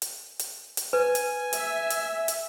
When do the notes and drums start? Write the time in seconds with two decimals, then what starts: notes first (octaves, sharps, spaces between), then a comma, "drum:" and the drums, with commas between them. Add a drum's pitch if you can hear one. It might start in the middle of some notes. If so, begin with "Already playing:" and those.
0.02 drum: hi-hat
0.39 drum: hi-hat
0.77 drum: hi-hat
0.93 B4 G#5
1.15 drum: hi-hat
1.53 E5, drum: hi-hat
1.90 drum: hi-hat
2.28 drum: hi-hat